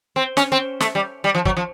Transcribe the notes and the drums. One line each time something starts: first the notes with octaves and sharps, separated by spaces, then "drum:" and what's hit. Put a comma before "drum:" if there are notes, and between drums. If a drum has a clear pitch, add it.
C4
C#4, drum: snare
C4
A3, drum: snare
G3
G3
F3
F#3, drum: kick
F3